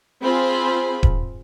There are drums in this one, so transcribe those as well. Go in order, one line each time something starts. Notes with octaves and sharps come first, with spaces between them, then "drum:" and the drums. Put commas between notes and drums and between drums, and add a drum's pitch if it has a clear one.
C4 F4 G#4 C5 B5
drum: kick D#1